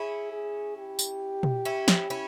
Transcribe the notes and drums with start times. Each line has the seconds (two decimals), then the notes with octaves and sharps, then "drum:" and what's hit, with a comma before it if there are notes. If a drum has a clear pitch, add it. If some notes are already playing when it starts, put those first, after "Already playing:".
Already playing: C#4 E4 G#4
0.32 G#4
0.77 G4
0.99 drum: tambourine
1.43 drum: tom
1.65 C#4 E4
1.88 drum: snare
2.10 C#4 E4